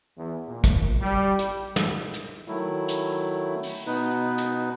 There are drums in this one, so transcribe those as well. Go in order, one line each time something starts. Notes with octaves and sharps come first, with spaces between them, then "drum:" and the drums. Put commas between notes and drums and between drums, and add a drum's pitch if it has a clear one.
E2
A#2
drum: kick, hi-hat
G3
drum: hi-hat
drum: snare
drum: hi-hat
D#3 F#3 A3 E4
drum: hi-hat
drum: open hi-hat
B2 B3 D#4 B4
drum: hi-hat